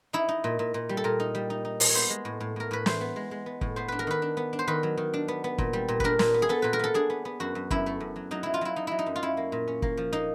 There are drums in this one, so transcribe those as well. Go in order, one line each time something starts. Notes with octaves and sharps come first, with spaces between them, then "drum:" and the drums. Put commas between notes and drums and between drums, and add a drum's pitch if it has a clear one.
D#4 E4
D#4
A#2
A#2
A#2
G3
A4
A#2 A#4
D#4
G3
D#4
D#4
A#2, drum: open hi-hat
C#5
B3 C5
G#3
A2
A2
A2 A#4
A2 B4
E3 C5, drum: snare
B3
G#3
G#3
B3
A2, drum: kick
B3 C5
D4 B4
A#4
D#3 B4
D4
B3
D4
C5
D#3 B4
F#3
D#3
D4
B3
B3
A#2, drum: kick
G3
A#2
D4 A#4 B4, drum: kick
A#2, drum: snare
B3
G#4
B3 A4
A#2 B4
A#4
B3 A4
D4 G#4
B3
B3
F#2 F#4
F#2
F#2 E4, drum: kick
A3
F#2
F#3
F#3 D#4
F#3 E4
F4
F#3 E4
F#3 D#4
F#3 E4
D#4
F#2
F4
C#4 E4
A#3
A#2
C#4
A#3, drum: kick
F3
A#3 D#4